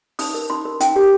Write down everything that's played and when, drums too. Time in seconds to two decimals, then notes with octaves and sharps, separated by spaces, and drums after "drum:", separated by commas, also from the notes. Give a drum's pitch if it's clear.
0.19 D#4 D#6, drum: open hi-hat
0.34 A#4
0.50 D#4 C6
0.65 A#4
0.80 D#4 G5, drum: hi-hat
0.96 G4 A#4